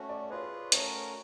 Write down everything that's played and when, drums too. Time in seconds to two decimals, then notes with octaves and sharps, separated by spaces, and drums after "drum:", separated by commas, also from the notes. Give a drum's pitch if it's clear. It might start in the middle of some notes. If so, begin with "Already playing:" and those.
Already playing: A3 C#4 F#4 C#5
0.09 D5
0.30 F4 G#4 B4 C#5
0.72 A3 C#4 F#4 A#4 C#5, drum: hi-hat